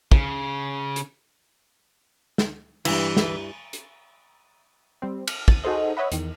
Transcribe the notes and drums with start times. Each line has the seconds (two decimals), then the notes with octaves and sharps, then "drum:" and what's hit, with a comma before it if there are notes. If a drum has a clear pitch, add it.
0.12 C#3, drum: kick
0.96 drum: hi-hat
2.38 drum: snare
2.85 G2 E3, drum: cymbal
3.17 drum: snare
3.73 drum: hi-hat
5.02 G3 C4
5.27 F6, drum: cymbal
5.48 A6 D#7, drum: kick
5.64 D#4 F#4 G#4 A4 C5 D#5
5.97 B4 C#5 D#5 E5 F#5 B5
6.12 E2 D#3, drum: hi-hat